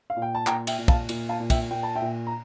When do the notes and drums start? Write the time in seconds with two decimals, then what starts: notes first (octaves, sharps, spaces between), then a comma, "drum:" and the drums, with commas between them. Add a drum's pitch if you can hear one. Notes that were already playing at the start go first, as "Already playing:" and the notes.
0.10 F5
0.16 A#2
0.22 G5
0.35 A5
0.47 A#2 G5 A#5, drum: clap
0.67 E5 G5, drum: cymbal
0.78 A#2
0.88 F5 A5, drum: kick
1.09 A#2, drum: cymbal
1.29 F5 A5
1.40 A#2
1.50 E5 G5, drum: kick, cymbal
1.71 A#2 G5
1.83 A5
1.96 E5 G5
2.02 A#2
2.27 A#5